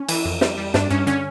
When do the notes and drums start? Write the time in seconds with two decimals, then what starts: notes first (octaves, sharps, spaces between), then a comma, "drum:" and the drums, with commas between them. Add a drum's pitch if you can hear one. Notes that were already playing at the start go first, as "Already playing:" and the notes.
Already playing: C#4
0.09 E3, drum: cymbal
0.25 F2
0.41 G3, drum: snare
0.58 G3
0.74 G2 D4, drum: snare
0.90 G2 C#4
1.07 D3 C#4